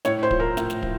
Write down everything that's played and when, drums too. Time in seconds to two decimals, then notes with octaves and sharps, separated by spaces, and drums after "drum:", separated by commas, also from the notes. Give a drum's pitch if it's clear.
0.05 A2 C#5, drum: snare
0.23 C5
0.31 F3, drum: kick
0.40 A#4
0.57 A2, drum: snare
0.70 drum: snare
0.83 F3, drum: kick